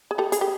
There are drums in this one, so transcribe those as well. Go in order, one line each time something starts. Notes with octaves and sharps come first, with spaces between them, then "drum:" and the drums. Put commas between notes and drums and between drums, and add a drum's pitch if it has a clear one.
G#4
G4 A4
G#4, drum: hi-hat
G4